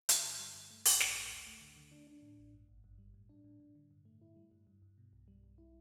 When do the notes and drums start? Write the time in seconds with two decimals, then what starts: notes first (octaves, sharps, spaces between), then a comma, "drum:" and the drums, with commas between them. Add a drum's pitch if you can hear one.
0.09 D3, drum: hi-hat
0.24 G2
0.39 G3
0.55 G2
0.71 A3
0.85 A1, drum: open hi-hat
1.00 A2, drum: snare
1.16 A2
1.32 D2
1.47 A3
1.61 D3
1.76 D3
1.91 D4
2.07 D4
2.22 A2
2.38 A1
2.53 G2
2.69 G1
2.84 G2
2.98 G3
3.14 A2
3.29 D4
3.44 A2
3.60 A2
3.75 D3
3.91 G2
4.05 A3
4.21 E4
4.36 G3
4.51 G2
4.67 G2
4.82 G2
4.98 B2
5.13 B1
5.28 G3
5.43 B1
5.58 E4